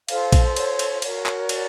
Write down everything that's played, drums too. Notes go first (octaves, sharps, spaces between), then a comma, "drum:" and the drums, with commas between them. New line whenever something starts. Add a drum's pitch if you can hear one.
F4 A4 C5 F5, drum: cymbal
drum: kick A#1, cymbal
C#5, drum: cymbal
drum: cymbal
F#4 A#4 C#5, drum: cymbal
drum: clap
D5, drum: cymbal